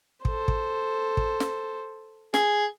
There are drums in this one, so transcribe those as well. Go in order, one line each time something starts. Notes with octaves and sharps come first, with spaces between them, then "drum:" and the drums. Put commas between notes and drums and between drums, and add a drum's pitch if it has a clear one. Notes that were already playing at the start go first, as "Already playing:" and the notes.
A4 C5, drum: kick
drum: kick
drum: kick
drum: snare
G#4, drum: snare